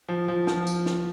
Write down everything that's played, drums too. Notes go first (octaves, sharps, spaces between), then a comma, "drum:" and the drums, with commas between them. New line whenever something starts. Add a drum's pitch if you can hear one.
F3
F3
F3, drum: snare
drum: tambourine
drum: snare